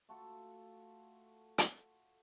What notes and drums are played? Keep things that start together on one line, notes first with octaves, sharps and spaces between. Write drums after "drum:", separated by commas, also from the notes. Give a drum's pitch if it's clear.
A3 F4 F#4 A4
drum: hi-hat